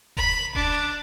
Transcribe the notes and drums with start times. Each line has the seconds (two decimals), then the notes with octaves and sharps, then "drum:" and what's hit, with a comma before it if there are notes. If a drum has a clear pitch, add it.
0.17 B5, drum: kick E1
0.55 D4, drum: kick E1